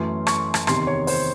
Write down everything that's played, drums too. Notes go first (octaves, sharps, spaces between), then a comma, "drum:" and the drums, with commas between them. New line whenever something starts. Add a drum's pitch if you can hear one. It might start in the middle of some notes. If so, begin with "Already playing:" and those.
Already playing: F#2 E3 A3 C#4 C6
C#6, drum: rim click
drum: rim click
E2 C3 D#3 C6, drum: rim click
C#5
C5, drum: open hi-hat